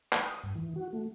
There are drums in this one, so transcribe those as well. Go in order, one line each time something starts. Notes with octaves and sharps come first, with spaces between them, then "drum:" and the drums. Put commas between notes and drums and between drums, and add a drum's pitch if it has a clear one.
B4, drum: clap
D#6
G2
E3
F#4
A3